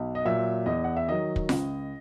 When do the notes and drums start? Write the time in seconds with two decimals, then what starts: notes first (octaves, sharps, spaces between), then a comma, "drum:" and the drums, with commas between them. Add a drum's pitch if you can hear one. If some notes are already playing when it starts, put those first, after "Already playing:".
Already playing: B1
0.15 D#5
0.25 A#2 F#3 E5
0.66 E2 D#5
0.84 F#5
0.97 E5
1.08 D#3 F#3 D#5
1.36 drum: kick
1.49 C#2, drum: snare F4